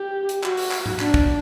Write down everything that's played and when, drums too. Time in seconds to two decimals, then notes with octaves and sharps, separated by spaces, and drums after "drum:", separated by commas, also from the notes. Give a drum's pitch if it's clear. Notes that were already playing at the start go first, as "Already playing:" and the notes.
Already playing: G4
0.29 drum: hi-hat
0.44 F#4, drum: clap
0.57 drum: open hi-hat
0.71 drum: clap
0.86 drum: tom G#2
1.00 D4, drum: clap
1.14 drum: kick